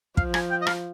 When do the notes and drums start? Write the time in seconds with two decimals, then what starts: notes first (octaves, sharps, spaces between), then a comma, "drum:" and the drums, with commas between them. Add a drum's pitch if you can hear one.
0.17 F3 F5, drum: kick
0.34 G#5, drum: rim click
0.51 G5
0.62 D#5
0.67 F5, drum: rim click